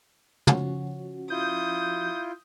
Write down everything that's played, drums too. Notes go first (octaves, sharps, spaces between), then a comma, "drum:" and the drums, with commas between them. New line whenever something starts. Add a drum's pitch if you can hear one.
F3 C#4 F#4, drum: tom
E4 F4 D#6 G6